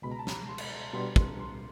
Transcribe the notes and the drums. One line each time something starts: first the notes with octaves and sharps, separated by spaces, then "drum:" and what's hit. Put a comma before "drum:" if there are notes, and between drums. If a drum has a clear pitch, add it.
C#2 B2 G#3 B5
A#5
A5
A#5, drum: snare
C6
drum: cymbal
B2 G3 B3 D4 C6
C6, drum: kick
C6